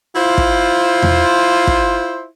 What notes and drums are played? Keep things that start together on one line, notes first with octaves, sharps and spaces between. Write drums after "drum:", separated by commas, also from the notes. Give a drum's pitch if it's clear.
E4 F4 C5
drum: kick
drum: tom E2
drum: kick